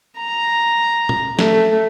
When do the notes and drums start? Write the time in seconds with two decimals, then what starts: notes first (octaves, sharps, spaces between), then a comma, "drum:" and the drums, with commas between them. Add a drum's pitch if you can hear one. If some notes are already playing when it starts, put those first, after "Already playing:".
0.18 A#5
1.09 drum: tom
1.39 A3, drum: snare